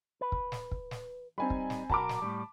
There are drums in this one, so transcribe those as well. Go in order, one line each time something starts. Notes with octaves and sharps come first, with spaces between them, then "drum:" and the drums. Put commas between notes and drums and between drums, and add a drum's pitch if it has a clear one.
B4
drum: kick
drum: snare
drum: kick
drum: snare
G3 C4 D#4 G#5 B5
drum: kick
drum: snare
B1 F#4 A#4 A5 B5 D6, drum: kick
drum: snare
A2 C#3 G3